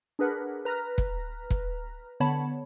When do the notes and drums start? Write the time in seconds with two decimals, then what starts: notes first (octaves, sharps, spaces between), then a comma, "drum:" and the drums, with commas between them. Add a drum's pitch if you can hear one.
0.19 D4 G#4 A#4 B4 F#5
0.65 B4 A#5 F6 A#6
0.98 drum: kick E1
1.50 drum: kick E1
2.20 D3 B3 C#5 A5 B5